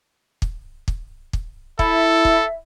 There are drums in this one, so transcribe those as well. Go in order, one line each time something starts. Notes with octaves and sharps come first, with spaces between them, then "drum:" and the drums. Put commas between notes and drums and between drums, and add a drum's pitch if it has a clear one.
drum: kick
drum: kick
drum: kick
E4 A4 E5, drum: kick
drum: kick